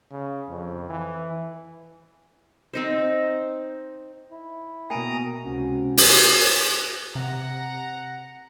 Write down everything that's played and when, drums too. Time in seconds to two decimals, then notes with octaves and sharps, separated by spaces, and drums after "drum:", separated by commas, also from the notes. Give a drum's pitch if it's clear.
0.11 C#3
0.49 F2
0.89 E3
2.74 C4 D#4 C5
4.30 E4
4.90 B2 A#3 G5 G#5 A#5 D#6
5.45 C#2 C3 C#4 F#4
5.97 drum: open hi-hat
7.15 C3 F#5 A#5